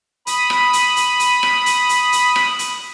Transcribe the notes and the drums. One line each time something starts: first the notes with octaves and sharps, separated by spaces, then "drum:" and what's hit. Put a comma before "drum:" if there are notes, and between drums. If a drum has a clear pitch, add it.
B5 D#6, drum: hi-hat
drum: rim click
drum: hi-hat
drum: hi-hat
drum: hi-hat
drum: rim click
drum: hi-hat
drum: hi-hat
drum: hi-hat
drum: rim click
drum: hi-hat